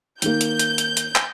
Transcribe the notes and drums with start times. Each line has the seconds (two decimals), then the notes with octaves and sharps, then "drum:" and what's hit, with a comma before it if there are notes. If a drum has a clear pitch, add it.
0.22 D#3 A#3 G6, drum: hi-hat
0.41 drum: hi-hat
0.59 drum: hi-hat
0.78 drum: hi-hat
0.97 drum: hi-hat
1.15 drum: clap